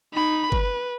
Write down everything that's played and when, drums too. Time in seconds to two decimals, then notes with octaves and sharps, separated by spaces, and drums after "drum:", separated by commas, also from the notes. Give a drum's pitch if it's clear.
0.14 D#4 B5
0.52 B4, drum: kick G1